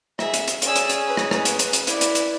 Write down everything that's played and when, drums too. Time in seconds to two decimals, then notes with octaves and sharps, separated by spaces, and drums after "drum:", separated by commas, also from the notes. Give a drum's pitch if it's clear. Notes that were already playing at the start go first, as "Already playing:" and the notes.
0.19 G#4 E5, drum: rim click
0.34 drum: hi-hat
0.48 drum: hi-hat
0.62 C#4 G#4 D5 E6, drum: hi-hat
0.76 drum: hi-hat
0.89 drum: hi-hat
1.07 B4
1.17 drum: rim click
1.31 drum: rim click
1.45 drum: hi-hat
1.59 drum: hi-hat
1.73 drum: hi-hat
1.87 E4 D5, drum: hi-hat
2.01 drum: hi-hat
2.15 drum: hi-hat